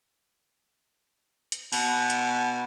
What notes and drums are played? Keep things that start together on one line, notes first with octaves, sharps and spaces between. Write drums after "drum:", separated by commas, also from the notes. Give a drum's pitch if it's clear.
drum: hi-hat
B2, drum: cymbal
drum: hi-hat